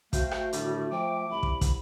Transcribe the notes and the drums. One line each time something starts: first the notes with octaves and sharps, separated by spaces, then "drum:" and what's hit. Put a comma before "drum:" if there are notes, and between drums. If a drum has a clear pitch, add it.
A3 F#4 C5 F5 G5, drum: kick, hi-hat
drum: rim click
A2 D3 D#3 G3, drum: hi-hat
F3 G5 D6
C2 B5
drum: kick
drum: kick, hi-hat